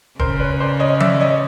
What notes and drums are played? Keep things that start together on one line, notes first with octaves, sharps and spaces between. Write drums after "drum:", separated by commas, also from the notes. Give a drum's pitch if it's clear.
C#3 A#4 C5, drum: kick
B4 C#5
C5 D5
C#5 D#5
D5 E5, drum: tom F3
C#5 D#5